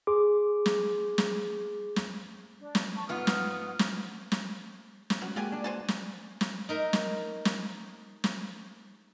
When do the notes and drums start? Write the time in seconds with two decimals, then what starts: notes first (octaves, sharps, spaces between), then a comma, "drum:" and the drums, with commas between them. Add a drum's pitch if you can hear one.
0.07 G#4 C6 D6
0.66 drum: snare
1.18 drum: snare
1.96 drum: snare
2.61 D4
2.75 drum: snare
2.95 A5 C#6
3.09 G#2 B3 F4 F#5 D#6 F6
3.27 drum: snare
3.79 drum: snare
4.32 drum: snare
5.10 drum: snare
5.22 C#4 F#4
5.36 G#3 A#3 F4 G4 G#5
5.52 D4
5.64 F#4 C5 G#5 A5
5.88 drum: snare
6.41 drum: snare
6.69 D#4 A#4 E5
6.93 drum: snare
7.45 drum: snare
8.24 drum: snare